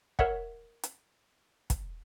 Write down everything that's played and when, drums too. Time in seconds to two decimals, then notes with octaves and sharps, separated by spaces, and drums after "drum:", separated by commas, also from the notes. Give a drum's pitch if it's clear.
0.19 A#4 C#5 E5 F#5, drum: kick
0.83 drum: hi-hat
1.70 drum: kick, hi-hat